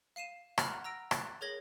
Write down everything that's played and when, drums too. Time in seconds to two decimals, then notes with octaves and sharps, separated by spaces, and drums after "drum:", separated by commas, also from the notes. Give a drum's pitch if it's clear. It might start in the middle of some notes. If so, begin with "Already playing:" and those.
0.16 F5 C7 D#7 E7
0.58 F#5 A#5 B5 F6 F#6, drum: rim click
0.84 A#5 E6 A#6 D7
1.11 F#6 A6 B6 D7, drum: rim click
1.41 G#4 A#4 C#5 G#6 A#6 F#7